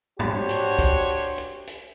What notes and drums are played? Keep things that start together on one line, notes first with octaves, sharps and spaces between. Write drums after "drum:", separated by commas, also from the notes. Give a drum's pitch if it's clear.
D4 F#4 G4 C5 C#5, drum: tom G#2
drum: hi-hat
drum: kick, hi-hat
drum: open hi-hat
drum: hi-hat
drum: hi-hat